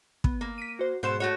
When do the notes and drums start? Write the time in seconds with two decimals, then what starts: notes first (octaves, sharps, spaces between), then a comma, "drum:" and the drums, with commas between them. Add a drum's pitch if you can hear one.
0.24 B3, drum: kick
0.41 A#3
0.58 B6 D7 D#7
0.79 F#4 C5
1.03 G#2 B2 C5 E7
1.20 A3 F#4 C#5